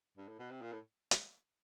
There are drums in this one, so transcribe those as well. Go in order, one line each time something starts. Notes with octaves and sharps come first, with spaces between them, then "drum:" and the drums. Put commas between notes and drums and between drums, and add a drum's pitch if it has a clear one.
G2
A2
B2
C3
A#2
A2
drum: hi-hat